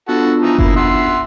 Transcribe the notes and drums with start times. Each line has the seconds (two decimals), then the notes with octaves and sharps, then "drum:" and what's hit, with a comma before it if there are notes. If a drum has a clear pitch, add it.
0.08 B3 D4 F4 F#4 A4 F#5
0.41 E3 F3 D#4
0.58 A#3 E4, drum: kick F#1
0.76 E5 F#5 C6